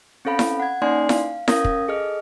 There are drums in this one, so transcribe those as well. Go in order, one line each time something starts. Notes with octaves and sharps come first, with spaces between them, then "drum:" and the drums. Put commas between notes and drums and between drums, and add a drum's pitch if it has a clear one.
C4 C#4 A4 F5 B5
drum: snare E4
F#5 G#6
A#3 C#4 D#4 D5 G#5 C6
F5, drum: snare E4
C#4 A#4 F5 D#6 G#6 A#6, drum: snare E4
drum: kick
G#4 A4 D#5 F6